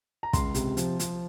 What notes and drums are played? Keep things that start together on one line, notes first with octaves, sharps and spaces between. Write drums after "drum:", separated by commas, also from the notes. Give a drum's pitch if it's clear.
A#5
C#2 C6, drum: kick, hi-hat
C3, drum: hi-hat
F3, drum: hi-hat
F3, drum: hi-hat